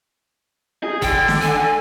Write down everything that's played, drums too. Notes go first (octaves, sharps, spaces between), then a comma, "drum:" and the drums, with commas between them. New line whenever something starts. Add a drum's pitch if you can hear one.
G#4
D3 G5, drum: kick
drum: snare
G#5